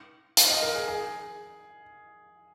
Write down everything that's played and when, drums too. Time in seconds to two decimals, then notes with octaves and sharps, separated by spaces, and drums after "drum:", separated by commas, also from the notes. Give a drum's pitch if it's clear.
0.37 F5, drum: hi-hat
0.50 D#5
0.62 A#4
0.75 G#4
0.88 G#4